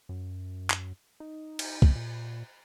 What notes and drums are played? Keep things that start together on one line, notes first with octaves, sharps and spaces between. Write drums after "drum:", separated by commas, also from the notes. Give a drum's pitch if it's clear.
F#2
drum: clap
D#4
drum: cymbal
D1, drum: kick
A#2